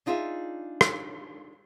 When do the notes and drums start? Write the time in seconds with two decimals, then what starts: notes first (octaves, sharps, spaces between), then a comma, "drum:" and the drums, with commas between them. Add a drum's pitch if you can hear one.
0.06 D4 D#4 F4 G#4 E5
0.81 drum: rim click